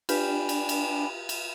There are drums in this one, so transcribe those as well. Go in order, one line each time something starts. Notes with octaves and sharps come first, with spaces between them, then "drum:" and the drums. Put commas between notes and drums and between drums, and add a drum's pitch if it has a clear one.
D4 F4 G4 B4 G5 G#5 B5, drum: cymbal
drum: cymbal
drum: cymbal
drum: cymbal